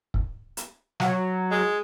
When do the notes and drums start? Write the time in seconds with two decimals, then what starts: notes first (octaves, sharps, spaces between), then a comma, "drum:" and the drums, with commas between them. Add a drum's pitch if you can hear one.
0.14 drum: kick
0.57 drum: hi-hat
1.00 F#3, drum: snare
1.51 G#3